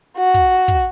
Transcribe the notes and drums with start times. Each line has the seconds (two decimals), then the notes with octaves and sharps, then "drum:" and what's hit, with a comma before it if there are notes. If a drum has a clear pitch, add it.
0.17 F#4, drum: open hi-hat
0.34 drum: kick, open hi-hat
0.51 drum: hi-hat
0.68 drum: kick, open hi-hat